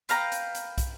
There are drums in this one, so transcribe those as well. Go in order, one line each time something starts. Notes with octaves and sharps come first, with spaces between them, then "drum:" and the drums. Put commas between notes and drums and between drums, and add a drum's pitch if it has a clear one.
B4 F5 G5 A#5, drum: hi-hat
drum: hi-hat
drum: hi-hat
drum: kick, hi-hat